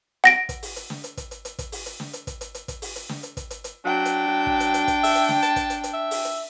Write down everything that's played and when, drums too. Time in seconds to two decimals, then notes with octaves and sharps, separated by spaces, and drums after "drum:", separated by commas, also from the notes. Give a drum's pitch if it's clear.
0.24 F#5 A#6 D7
0.49 drum: kick, hi-hat
0.63 drum: open hi-hat
0.76 drum: hi-hat
0.90 drum: snare
1.04 drum: hi-hat
1.17 drum: kick, hi-hat
1.31 drum: hi-hat
1.45 drum: hi-hat
1.59 drum: kick, hi-hat
1.72 drum: open hi-hat
1.86 drum: hi-hat
2.00 drum: snare
2.13 drum: hi-hat
2.27 drum: kick, hi-hat
2.41 drum: hi-hat
2.55 drum: hi-hat
2.68 drum: kick, hi-hat
2.82 drum: open hi-hat
2.96 drum: hi-hat
3.09 drum: snare
3.23 drum: hi-hat
3.37 drum: kick, hi-hat
3.50 drum: hi-hat
3.64 drum: hi-hat
3.85 F#3 D4 G5
4.05 drum: hi-hat
4.28 F#3
4.46 drum: kick
4.60 drum: hi-hat
4.74 drum: hi-hat
4.88 drum: kick, hi-hat
5.04 E5, drum: open hi-hat
5.15 drum: hi-hat
5.29 drum: snare
5.42 A5, drum: hi-hat
5.56 drum: kick, hi-hat
5.70 drum: hi-hat
5.84 drum: hi-hat
5.93 E5
6.11 drum: open hi-hat
6.25 drum: hi-hat